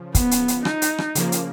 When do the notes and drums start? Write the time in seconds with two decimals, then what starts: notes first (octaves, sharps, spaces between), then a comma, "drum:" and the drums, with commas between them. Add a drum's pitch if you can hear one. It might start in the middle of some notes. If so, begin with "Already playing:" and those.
Already playing: C#3 F3
0.15 B3, drum: kick, hi-hat
0.31 drum: hi-hat
0.48 drum: hi-hat
0.65 D#4, drum: rim click
0.82 drum: hi-hat
0.98 drum: rim click
1.15 C#3 F3 A#3, drum: hi-hat
1.32 drum: hi-hat